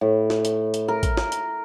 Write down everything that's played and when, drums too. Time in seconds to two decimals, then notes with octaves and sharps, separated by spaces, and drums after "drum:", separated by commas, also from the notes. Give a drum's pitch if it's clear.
0.01 A2
0.30 drum: snare
0.45 drum: hi-hat
0.74 drum: hi-hat
0.88 A#4
1.03 drum: kick, hi-hat
1.17 drum: snare
1.32 drum: hi-hat